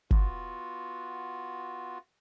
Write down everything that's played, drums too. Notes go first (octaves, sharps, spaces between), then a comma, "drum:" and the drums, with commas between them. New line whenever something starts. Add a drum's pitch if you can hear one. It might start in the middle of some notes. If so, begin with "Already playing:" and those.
B3 F4 F#4, drum: kick G1